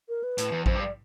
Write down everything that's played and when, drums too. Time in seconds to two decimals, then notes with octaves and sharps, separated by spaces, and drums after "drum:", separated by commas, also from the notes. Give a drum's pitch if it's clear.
0.09 A#4
0.23 B4
0.38 A2, drum: hi-hat
0.52 E2
0.66 F2 C5, drum: kick A1
0.75 G2
0.81 D5